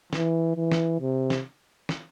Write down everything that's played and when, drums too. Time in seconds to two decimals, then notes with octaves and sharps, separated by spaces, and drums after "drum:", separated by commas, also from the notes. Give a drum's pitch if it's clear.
0.13 E3, drum: snare
0.56 E3
0.72 drum: snare
1.01 C3
1.30 drum: snare
1.89 drum: snare